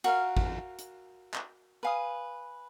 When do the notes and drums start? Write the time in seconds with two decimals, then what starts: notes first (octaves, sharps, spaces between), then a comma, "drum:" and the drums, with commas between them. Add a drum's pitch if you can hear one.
0.04 F#4 A#4 F5, drum: cymbal
0.37 drum: kick G#1
0.79 drum: hi-hat
1.34 drum: clap
1.83 B4 F5 G#5 D#6